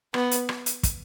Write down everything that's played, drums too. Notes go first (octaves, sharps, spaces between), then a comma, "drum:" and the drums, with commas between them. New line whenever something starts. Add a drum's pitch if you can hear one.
B3, drum: rim click
drum: hi-hat
drum: rim click
drum: hi-hat
drum: kick, hi-hat